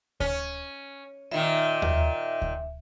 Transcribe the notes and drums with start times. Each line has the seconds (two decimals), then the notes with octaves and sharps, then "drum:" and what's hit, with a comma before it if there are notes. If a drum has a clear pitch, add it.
0.20 C#4, drum: kick D2
1.31 A#2 D#3 E5
1.82 drum: tom D#2
2.42 drum: kick D2